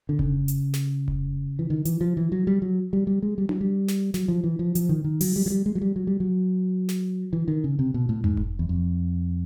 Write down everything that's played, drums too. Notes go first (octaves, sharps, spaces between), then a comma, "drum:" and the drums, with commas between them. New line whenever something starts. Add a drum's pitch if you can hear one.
D3
C#3, drum: kick F1
drum: hi-hat
drum: snare
drum: kick F1
E3
D#3
E3, drum: hi-hat
F3
E3
F#3
G3
F#3
G3
G3
G#3
G3
F#3, drum: tom D4
G3
drum: snare
F#3, drum: snare
F3
E3
F3
F3, drum: hi-hat
D#3
D#3
F#3, drum: open hi-hat
G3
F#3
G3
G#3
F#3
G3
F#3
G3
F#3
drum: snare
E3
D#3
C#3
C3
B2
A2
G#2, drum: tom E2
drum: kick F1
E2
F2